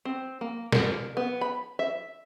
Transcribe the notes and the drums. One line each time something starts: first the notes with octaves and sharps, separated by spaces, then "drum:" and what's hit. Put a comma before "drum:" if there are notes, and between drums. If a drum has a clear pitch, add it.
C4
A#3
A#4, drum: snare
B3
B5
E5